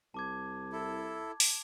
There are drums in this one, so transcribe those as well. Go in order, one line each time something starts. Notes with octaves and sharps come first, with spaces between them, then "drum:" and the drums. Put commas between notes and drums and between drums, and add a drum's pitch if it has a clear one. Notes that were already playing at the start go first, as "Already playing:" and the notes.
C2 A5 D6 G#6
E4 A4
drum: open hi-hat